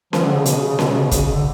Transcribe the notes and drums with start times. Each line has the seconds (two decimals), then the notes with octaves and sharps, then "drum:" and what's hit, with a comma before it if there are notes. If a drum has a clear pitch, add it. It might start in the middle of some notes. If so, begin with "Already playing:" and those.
0.13 F3, drum: snare C#4
0.24 D3
0.35 C#3
0.46 B2, drum: hi-hat
0.57 C#3
0.68 C#3
0.79 B2, drum: snare C#4
0.90 C#3
1.00 B2
1.11 C#3, drum: kick, hi-hat
1.22 C#3
1.33 D3